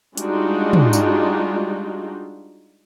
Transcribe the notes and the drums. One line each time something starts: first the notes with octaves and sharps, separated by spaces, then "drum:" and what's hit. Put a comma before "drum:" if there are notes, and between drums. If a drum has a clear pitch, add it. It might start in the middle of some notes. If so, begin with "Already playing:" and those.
G3 G#3 D4 D#4 F4 F#4, drum: hi-hat
drum: tom
drum: tambourine